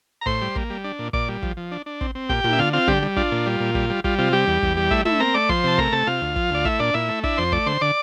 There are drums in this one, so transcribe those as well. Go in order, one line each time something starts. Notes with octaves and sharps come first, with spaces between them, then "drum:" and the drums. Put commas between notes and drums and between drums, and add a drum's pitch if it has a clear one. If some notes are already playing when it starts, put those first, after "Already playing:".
A#5
A2 C5 C6, drum: kick
G3
A#3, drum: kick
G3
D4
A#2
A#2 D5 D6, drum: kick
G3
F3, drum: kick
F3
D4
D4
C4, drum: kick
C4
A#2 G4 G5, drum: kick
A#2, drum: tom
E5
D3 F4 F5
C4 F4 F5
D3 G3 G4, drum: kick
G3
D4 F4, drum: kick
A#2
G3
A#2
G3, drum: kick
G3
G3 F4, drum: kick
C3 F4
G3 G4
E2
E2, drum: kick
G3
A3 E4 E5, drum: kick
A3 E4 E5, drum: tom
C4 A#4 A#5
A3 D5 D6
F3 C5 C6, drum: kick
C3 A5
A3 A#4 A#5, drum: kick
C3 A4 A5
C3 F4 F5
D2
F3, drum: kick
D2 D5
A3 E4 E5, drum: kick
A#2 D4 D5
A#2 E4 E5
A3
D4 E4 E5, drum: kick
F2 C5 C6
A3 D5 D6, drum: kick
D3 C5 C6
D3 D5 D6